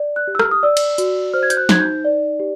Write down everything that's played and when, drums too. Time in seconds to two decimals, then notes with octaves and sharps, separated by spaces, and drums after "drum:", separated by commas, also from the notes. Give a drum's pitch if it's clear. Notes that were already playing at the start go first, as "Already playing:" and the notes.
Already playing: D5
0.16 F#6
0.27 G4
0.35 E6
0.39 F6, drum: rim click
0.51 D#6
0.63 D5 E6
0.77 drum: cymbal
0.98 F#4, drum: hi-hat
1.34 C5 F6
1.43 G#6
1.50 G6, drum: hi-hat
1.57 F#6
1.69 D#4 G#6, drum: snare
1.81 G6
2.05 D5
2.40 G4